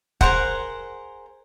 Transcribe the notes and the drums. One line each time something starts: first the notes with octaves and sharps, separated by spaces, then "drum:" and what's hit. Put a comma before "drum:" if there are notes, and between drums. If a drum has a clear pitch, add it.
G#4 A#4 C5 F#5, drum: kick